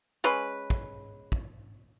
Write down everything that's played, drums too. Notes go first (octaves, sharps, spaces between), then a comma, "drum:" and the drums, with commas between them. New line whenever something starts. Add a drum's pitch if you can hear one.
G#3 C#4 B4
drum: kick
drum: kick